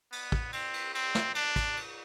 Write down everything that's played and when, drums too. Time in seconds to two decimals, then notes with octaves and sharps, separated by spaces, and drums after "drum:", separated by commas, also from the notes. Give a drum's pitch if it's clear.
0.12 B3, drum: cymbal
0.32 drum: kick
0.53 C4, drum: cymbal
0.74 drum: cymbal
0.95 C4, drum: cymbal
1.15 drum: snare
1.35 D4, drum: cymbal
1.56 drum: kick, cymbal
1.77 drum: cymbal